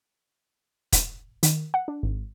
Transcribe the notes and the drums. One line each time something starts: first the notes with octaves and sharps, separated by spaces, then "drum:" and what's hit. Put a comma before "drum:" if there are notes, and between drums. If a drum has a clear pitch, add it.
drum: kick, hi-hat
D#3, drum: hi-hat
F#5
D4
G#1